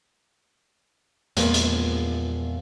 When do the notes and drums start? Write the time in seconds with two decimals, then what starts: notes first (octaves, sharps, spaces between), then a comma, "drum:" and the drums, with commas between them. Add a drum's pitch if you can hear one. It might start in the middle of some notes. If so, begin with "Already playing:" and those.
1.37 E2 A#2 F3 G#3 A#3, drum: hi-hat
1.54 drum: hi-hat